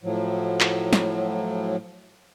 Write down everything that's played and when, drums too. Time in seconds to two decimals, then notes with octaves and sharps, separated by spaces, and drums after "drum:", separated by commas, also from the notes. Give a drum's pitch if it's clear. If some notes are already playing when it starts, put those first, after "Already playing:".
0.03 A2 F3 F#3
0.60 drum: clap
0.93 drum: snare